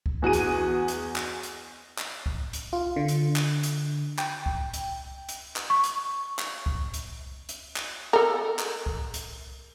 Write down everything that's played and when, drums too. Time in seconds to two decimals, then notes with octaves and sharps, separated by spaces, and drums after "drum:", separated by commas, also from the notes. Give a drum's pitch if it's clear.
0.06 drum: kick C2
0.22 E2 F#4 G#4 D#7
0.33 drum: hi-hat
0.88 drum: hi-hat
1.16 drum: clap
1.43 drum: hi-hat
1.98 drum: clap
2.26 drum: kick C2
2.53 drum: hi-hat
2.73 F4
2.96 D3
3.08 drum: hi-hat
3.36 drum: clap
3.63 drum: hi-hat
4.18 G5, drum: clap
4.46 drum: kick C2
4.74 drum: hi-hat
5.29 drum: hi-hat
5.56 drum: clap
5.70 C#6
5.84 drum: hi-hat
6.39 drum: clap
6.66 drum: kick C2
6.94 drum: hi-hat
7.49 drum: hi-hat
7.76 drum: clap
8.13 A4 A#4
8.59 drum: clap
8.86 drum: kick C2
9.14 drum: hi-hat